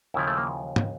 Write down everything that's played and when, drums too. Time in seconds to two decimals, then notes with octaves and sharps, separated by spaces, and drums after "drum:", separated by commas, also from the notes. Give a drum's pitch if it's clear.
0.14 D#2 C#3 F3 E4
0.27 A3
0.37 A#3
0.76 drum: tom